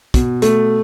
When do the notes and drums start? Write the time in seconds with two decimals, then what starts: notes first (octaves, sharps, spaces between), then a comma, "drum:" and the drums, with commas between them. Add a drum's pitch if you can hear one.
0.14 B2, drum: kick, hi-hat
0.42 A3, drum: hi-hat